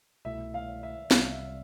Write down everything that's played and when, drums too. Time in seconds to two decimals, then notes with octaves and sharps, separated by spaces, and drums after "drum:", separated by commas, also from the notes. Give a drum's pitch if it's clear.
0.25 C2 B2 A3 E4 E5
0.54 F5
0.83 E5
1.11 C2 C3 G3 C4 F4 F5, drum: snare
1.32 E5